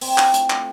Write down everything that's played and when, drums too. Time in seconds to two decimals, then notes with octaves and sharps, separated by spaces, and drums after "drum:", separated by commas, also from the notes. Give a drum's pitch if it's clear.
0.01 C4, drum: open hi-hat
0.18 F4, drum: clap
0.34 A3, drum: hi-hat
0.50 drum: clap